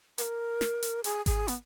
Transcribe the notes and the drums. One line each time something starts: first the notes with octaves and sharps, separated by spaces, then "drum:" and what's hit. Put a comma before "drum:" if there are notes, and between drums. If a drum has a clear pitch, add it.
B4, drum: hi-hat
A#4
drum: snare
drum: hi-hat
G#4, drum: hi-hat
G#4, drum: kick G#1, hi-hat
B3, drum: hi-hat